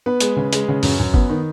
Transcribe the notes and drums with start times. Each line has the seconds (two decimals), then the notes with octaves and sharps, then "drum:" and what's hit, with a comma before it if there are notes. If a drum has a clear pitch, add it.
0.06 B3 B4
0.20 G#3, drum: hi-hat
0.37 C#3
0.53 G#3, drum: hi-hat
0.68 C#3
0.83 F#2, drum: open hi-hat
1.00 F#2
1.14 B3, drum: kick G1
1.29 D#3